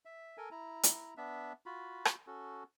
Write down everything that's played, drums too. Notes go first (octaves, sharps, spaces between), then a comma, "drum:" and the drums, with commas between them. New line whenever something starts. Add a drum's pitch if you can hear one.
E5
A4 A#4 G#5
E4 A#5
drum: hi-hat
B3 D4 E5
F4 F#4 B5
drum: rim click
C#4 F#4 A4